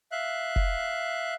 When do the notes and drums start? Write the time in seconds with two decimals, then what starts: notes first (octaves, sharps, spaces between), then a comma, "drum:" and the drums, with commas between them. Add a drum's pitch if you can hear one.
0.12 E5 F5 F#6
0.56 drum: kick F1